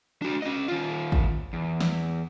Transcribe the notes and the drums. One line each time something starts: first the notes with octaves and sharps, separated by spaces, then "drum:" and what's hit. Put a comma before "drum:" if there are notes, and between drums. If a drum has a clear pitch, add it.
D4 F#4
C#4 D#5
D#3 F4
drum: kick
E2
drum: snare